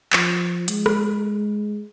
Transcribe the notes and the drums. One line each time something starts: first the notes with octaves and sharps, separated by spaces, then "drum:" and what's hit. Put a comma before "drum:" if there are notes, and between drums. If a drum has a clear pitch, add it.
F3, drum: clap
G#3, drum: hi-hat
drum: rim click